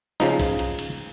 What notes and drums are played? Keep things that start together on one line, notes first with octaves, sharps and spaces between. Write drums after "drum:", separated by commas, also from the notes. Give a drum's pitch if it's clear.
C#3 F3 D#4, drum: snare
drum: kick, cymbal
drum: cymbal
drum: cymbal